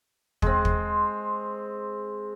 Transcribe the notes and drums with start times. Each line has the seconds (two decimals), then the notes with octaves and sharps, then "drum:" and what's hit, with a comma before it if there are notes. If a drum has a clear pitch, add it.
0.42 G#3 C4, drum: kick
0.65 drum: kick